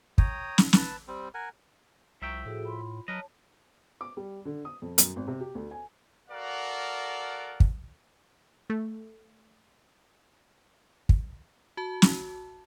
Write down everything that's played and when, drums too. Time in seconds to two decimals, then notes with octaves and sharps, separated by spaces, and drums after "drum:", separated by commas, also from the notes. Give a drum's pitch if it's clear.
0.18 C#5 G5 A#5 D#6, drum: kick
0.58 drum: snare
0.73 B4 A5, drum: snare
1.08 G3 C4
1.34 A#4 F#5 G#5
2.22 C2 F3 E5 G5 A#5 C#6
2.46 A2 F#4 G#4 A4
2.63 F4 B5 C6
3.08 F#3 A#4 B4 C#5 D#5 A5
4.01 D6
4.17 G3
4.45 D3
4.65 D#6
4.82 F2
4.98 F#2, drum: hi-hat
5.16 G#1
5.27 C3
5.40 G4
5.55 D2
5.71 G#5
6.31 F#4 A4 A#4 D5 F5 F#5
7.60 drum: kick
8.70 A3
11.09 drum: kick
11.77 F#4 A5
12.02 drum: snare